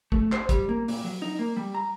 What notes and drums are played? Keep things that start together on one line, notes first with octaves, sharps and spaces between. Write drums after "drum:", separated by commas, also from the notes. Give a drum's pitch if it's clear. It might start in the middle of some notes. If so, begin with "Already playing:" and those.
A3, drum: kick
C5, drum: clap
G3, drum: kick, hi-hat
A#3
A#2, drum: open hi-hat
F#3
D#4
A#3
G3
A#5